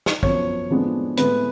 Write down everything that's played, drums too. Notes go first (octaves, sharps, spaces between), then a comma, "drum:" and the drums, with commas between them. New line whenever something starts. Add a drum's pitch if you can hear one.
drum: snare
F#2 F3 B3 C#5, drum: kick
A2 F3 G#3 B3 D4
A2 G#3 B3 B4, drum: hi-hat